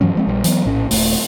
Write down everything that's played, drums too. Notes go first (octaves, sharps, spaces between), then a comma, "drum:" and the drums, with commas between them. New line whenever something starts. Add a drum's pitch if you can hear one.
G2 E3 F#3 C#4
F3 G#3 C4
A#1 G3
E3 F#3 A#3 B3, drum: hi-hat
A#1 A2 C#4
D#1 E2 A3, drum: open hi-hat